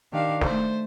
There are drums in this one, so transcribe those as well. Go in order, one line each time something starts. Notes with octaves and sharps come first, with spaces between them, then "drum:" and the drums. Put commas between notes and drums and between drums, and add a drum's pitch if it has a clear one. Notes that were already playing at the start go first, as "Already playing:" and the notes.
D#3 D4 G4 F5
A3 C5, drum: snare